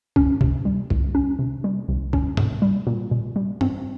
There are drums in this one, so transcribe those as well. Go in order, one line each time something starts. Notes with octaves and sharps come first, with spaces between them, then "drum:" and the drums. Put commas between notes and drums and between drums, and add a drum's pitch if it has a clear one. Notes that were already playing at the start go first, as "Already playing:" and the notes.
C#4, drum: kick C#2
C3, drum: kick C#2
G3
C2, drum: kick C#2
C#4
C3
G3
C2
C#4, drum: kick C#2
C3, drum: tom G2
G3
A#2
A#2
G3
C4, drum: tom G2